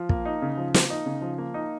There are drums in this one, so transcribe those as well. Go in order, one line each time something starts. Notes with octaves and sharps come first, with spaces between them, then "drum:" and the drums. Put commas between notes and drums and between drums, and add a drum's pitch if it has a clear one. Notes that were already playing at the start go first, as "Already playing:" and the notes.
Already playing: F3
A#3, drum: kick
D#4
C#3
F3
A#3, drum: snare
D#4
C#3
F3
A#3
D#4